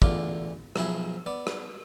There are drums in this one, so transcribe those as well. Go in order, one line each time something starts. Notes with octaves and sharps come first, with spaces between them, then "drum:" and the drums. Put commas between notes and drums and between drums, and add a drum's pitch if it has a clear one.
A1 E2 D3 F4 D5, drum: kick
B1 F3 E4 G#4, drum: rim click
B3 D5
drum: rim click